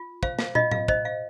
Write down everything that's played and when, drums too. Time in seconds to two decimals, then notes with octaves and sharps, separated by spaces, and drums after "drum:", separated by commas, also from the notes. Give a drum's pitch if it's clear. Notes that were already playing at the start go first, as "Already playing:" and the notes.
Already playing: F4
0.23 C5 F5, drum: kick
0.39 F5, drum: snare
0.55 F4 D#5, drum: tom
0.71 F5, drum: tom A2
0.88 C5 D#5, drum: kick
1.05 F5